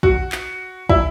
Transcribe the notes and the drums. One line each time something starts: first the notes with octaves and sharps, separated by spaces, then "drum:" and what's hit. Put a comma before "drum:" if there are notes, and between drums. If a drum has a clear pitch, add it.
F#4, drum: kick
drum: clap
E4, drum: kick